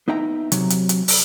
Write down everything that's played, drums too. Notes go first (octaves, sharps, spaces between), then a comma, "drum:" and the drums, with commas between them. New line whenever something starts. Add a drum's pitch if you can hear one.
B3 D#4 E5 G5 A#5
C3 F#3, drum: hi-hat
drum: hi-hat
drum: hi-hat
drum: open hi-hat